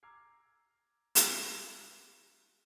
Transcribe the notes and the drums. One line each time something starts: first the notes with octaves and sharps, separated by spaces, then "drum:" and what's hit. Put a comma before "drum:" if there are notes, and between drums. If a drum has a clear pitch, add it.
A#5 D6 E6 F6 G#6 C7
drum: hi-hat